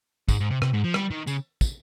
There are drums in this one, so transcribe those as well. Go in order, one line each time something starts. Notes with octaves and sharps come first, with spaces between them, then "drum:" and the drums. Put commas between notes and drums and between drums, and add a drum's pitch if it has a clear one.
G#2, drum: kick, tambourine
G#2
C3
C3, drum: rim click
G#2
F3
G3, drum: rim click
D#3
C#3, drum: tambourine
drum: kick, tambourine